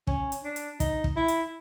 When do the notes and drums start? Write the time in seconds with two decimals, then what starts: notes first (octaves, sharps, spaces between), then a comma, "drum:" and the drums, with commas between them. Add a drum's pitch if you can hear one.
0.07 C#4, drum: kick
0.32 drum: hi-hat
0.44 D4
0.56 drum: hi-hat
0.80 D#4, drum: kick, hi-hat
1.04 drum: kick
1.16 E4
1.28 drum: hi-hat